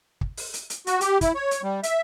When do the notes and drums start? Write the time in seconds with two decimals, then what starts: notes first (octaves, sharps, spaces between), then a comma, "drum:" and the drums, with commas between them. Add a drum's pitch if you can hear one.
0.21 drum: kick
0.37 drum: open hi-hat
0.54 drum: hi-hat
0.70 drum: hi-hat
0.87 F#4, drum: hi-hat
1.01 G4, drum: hi-hat
1.21 E4, drum: kick, hi-hat
1.35 C#5
1.51 drum: hi-hat
1.63 G3
1.83 E5, drum: hi-hat